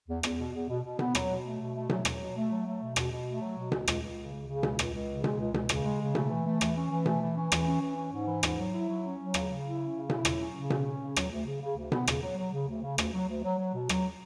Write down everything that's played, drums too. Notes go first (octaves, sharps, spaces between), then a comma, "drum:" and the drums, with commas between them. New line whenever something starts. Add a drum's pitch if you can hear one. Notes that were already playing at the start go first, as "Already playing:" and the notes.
E2
E2, drum: rim click
B2
E2
B2
B2
B3, drum: tom B2
F#3, drum: rim click
B2
A3
B2
A3
F#3, drum: tom B2
F#3, drum: rim click
B2
A3
F#3
A3
B2
B2, drum: rim click
B2
A3
F#3
B2
C#2, drum: tom B2
C#2, drum: rim click
C#2
C#3
C#2
C#3
C#2, drum: tom B2
C#2, drum: rim click
C#2
C#3
G#3, drum: tom B2
C#2
C#2, drum: tom B2
C#3, drum: rim click
G#3
C#3
A3, drum: tom B2
E3
A3
E3, drum: rim click
C#4
E3
A3, drum: tom B2
E3
C#4
E3, drum: rim click
C#4
E3
C#4
G#2
E3
G#2, drum: rim click
F#3
E4
F#3
C#4
F#3
C#3, drum: rim click
C#3
E4
C#4
C#3
E4, drum: tom B2
F#3, drum: rim click
C#4
C#3
C#4, drum: tom B2
C#4
C#3
F#3, drum: rim click
D2
C#3
C#3
D2
B3, drum: tom B2
C#3, drum: rim click
F#3
F#3
C#3
D2
C#3
D2, drum: rim click
F#3
D2
F#3
F#3
B2
F#3, drum: rim click